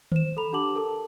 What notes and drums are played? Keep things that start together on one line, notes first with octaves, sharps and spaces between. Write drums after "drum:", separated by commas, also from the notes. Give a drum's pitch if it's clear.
C5 E7, drum: tom D#3
A4 A#5 B5 F7
D4 G4 F#5 A5 D6 F#7
A4 A#4 A5